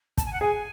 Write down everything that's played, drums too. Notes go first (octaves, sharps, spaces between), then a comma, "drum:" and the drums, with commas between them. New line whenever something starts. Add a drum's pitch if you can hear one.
A5, drum: kick, hi-hat
G#5
F#5
G#4 G#5